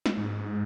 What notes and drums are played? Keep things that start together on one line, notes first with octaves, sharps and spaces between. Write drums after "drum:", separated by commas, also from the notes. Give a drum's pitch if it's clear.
drum: snare
G#2